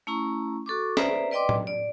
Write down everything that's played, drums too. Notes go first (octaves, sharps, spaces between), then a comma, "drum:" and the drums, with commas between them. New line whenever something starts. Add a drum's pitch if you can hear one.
A3 C#4 E4 A#5 C#6
F#4 A4 C#6 D6
B4 C5 D5 E5 A#5, drum: snare
B4 D5 D#5 G5 C6 D6
drum: tom A2
D5